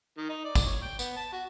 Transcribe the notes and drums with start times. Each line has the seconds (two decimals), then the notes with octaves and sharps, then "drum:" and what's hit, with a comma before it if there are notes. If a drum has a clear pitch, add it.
0.18 D#3
0.29 D#4
0.45 D5
0.55 drum: kick, tambourine
0.66 C#5
0.82 G5
0.99 B3, drum: tambourine
1.17 A5
1.33 F#4